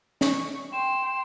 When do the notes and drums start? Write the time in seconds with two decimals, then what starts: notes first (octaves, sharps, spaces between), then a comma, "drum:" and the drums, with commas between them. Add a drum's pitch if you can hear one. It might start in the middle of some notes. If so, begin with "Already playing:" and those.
0.21 C#6, drum: snare
0.73 G5 C6 E7